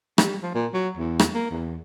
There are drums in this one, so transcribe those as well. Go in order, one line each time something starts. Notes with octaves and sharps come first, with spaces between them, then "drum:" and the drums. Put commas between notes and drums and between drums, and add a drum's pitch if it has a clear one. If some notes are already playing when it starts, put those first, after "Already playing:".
G3, drum: rim click
F3
A#2
F#3
E2
drum: rim click
A#3
E2